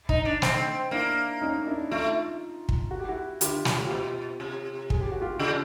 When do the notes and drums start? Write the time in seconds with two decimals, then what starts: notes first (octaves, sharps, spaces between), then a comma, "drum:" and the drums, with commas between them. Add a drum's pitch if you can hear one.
0.09 D#4, drum: kick
0.25 D4
0.42 C4, drum: snare
0.91 A#3 D4 E4
1.42 C#4 D#4
1.67 D4 E4
1.91 A3 D#4 F4
2.69 drum: kick
2.91 F#4
3.00 G4
3.08 E4 F#4
3.41 D3 F4 G4, drum: hi-hat
3.65 C3 G4, drum: snare
3.76 F#4
3.86 B2 F4 G4
4.40 C3
4.90 G#4, drum: kick
5.01 G4
5.12 F#4
5.21 F4 G4
5.39 C#3